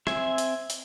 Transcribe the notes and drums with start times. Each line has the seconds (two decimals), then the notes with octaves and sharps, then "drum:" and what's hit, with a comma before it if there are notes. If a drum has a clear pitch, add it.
0.07 C4 E5 G#5, drum: rim click
0.38 drum: hi-hat
0.70 drum: hi-hat